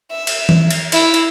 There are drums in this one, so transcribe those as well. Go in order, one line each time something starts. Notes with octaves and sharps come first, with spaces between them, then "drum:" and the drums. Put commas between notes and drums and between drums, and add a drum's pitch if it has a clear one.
E5
drum: cymbal
drum: tom E3
drum: cymbal
E4, drum: cymbal
drum: cymbal